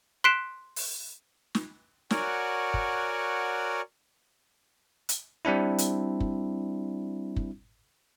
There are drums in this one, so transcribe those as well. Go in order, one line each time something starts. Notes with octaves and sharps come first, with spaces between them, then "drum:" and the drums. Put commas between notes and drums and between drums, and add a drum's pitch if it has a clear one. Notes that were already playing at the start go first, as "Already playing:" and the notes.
C6 F#6 B6 C7 D7 E7
drum: open hi-hat
drum: snare
F#4 A#4 C#5 D5 F#5 G#5, drum: snare
drum: kick
drum: hi-hat
G3 C4 D4 E4
drum: hi-hat
drum: kick
drum: kick